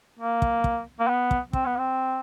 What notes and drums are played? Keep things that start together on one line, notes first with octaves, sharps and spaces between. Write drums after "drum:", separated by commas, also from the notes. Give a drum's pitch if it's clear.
A#3
drum: kick
drum: kick
A#3
B3
drum: kick
C4, drum: kick
B3
C4